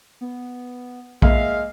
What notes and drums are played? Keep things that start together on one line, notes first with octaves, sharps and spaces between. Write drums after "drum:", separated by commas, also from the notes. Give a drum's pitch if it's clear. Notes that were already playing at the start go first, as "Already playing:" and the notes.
B3
G#3 A#3 E5 F5, drum: kick A#1